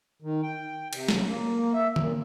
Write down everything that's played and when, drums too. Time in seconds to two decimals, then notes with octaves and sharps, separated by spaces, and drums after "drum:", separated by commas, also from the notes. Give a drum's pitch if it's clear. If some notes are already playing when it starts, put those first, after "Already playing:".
0.22 D#3
0.43 G5
0.93 C3, drum: cymbal
1.09 C#3, drum: snare
1.27 A#3
1.74 E5
1.96 A#2, drum: tom D3